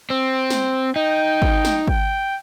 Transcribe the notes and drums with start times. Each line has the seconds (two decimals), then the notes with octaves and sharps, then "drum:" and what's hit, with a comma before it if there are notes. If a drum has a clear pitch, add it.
0.10 C4
0.50 drum: snare
0.96 D#4 G5
1.42 drum: kick G#1
1.65 drum: snare
1.88 G5, drum: kick G#1